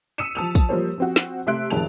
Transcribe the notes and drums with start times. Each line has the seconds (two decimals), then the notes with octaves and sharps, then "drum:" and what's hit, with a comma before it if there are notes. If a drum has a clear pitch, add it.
0.18 D#6 E6 B6 C#7 D#7 E7
0.35 F3 A5 E6 F7
0.55 drum: kick, tambourine
0.69 F3 G3 A#3 C5 C#5
0.98 F3 C4 F#4
1.16 drum: snare
1.47 C3 A3 E5 C6 F#6 D7
1.70 A1 F2 D#3 G#4 A5 F7